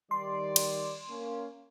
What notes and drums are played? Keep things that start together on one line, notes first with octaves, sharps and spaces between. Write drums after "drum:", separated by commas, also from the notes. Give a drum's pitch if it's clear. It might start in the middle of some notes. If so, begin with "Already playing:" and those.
D#3 G3 D5 C6
drum: cymbal
A#3 C#4